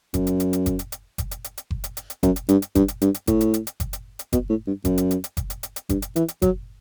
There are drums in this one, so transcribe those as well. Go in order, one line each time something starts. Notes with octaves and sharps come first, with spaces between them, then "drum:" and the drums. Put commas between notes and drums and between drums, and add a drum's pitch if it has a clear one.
F#2, drum: kick F#1, hi-hat
drum: hi-hat
drum: hi-hat
drum: hi-hat
drum: kick F#1, hi-hat
drum: hi-hat
drum: hi-hat
drum: kick F#1, hi-hat
drum: hi-hat
drum: hi-hat
drum: hi-hat
drum: kick F#1
drum: hi-hat
drum: hi-hat
drum: hi-hat
F#2, drum: kick F#1, hi-hat
drum: hi-hat
G2, drum: hi-hat
drum: hi-hat
G2, drum: kick F#1, hi-hat
drum: hi-hat
G2, drum: hi-hat
drum: hi-hat
A2, drum: kick F#1, hi-hat
drum: hi-hat
drum: hi-hat
drum: hi-hat
drum: kick F#1, hi-hat
drum: hi-hat
drum: hi-hat
B2, drum: kick F#1, hi-hat
A2
G2
F#2, drum: kick F#1, hi-hat
drum: hi-hat
drum: hi-hat
drum: hi-hat
drum: kick F#1, hi-hat
drum: hi-hat
drum: hi-hat
drum: hi-hat
G2, drum: kick F#1, hi-hat
drum: hi-hat
E3, drum: hi-hat
drum: hi-hat
F#3, drum: kick F#1, hi-hat